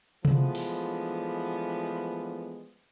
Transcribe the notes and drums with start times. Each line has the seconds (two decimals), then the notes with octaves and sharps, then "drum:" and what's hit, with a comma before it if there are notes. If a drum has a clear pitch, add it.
0.25 E3 F3 G#3 A3 B3 D4, drum: tom C3
0.55 drum: open hi-hat